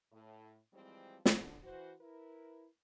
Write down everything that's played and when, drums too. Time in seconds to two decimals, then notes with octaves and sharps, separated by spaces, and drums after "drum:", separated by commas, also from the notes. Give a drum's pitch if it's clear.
0.12 A2
0.74 E3 F3 G3 G#3 C4
1.26 D3, drum: snare
1.63 E3 F#4 C5
2.01 E4 A#4 B4